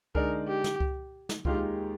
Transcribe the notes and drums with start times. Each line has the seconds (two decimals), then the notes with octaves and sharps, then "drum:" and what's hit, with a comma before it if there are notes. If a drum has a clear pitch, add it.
0.15 D3 G#3 D#4 G#4 A#4 D5, drum: kick C#2
0.48 G4
0.64 drum: snare
0.80 drum: kick C#2
1.29 drum: snare
1.45 D#2 D#3 G#3 D#4 F4 G4, drum: kick C#2